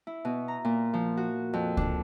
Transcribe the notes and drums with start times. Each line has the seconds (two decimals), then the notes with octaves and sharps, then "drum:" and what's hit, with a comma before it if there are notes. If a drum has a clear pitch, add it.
0.07 E4
0.25 B2
0.48 A#5
0.65 A#2
0.94 F3
1.17 F#4
1.53 F2
1.77 D4, drum: kick C#2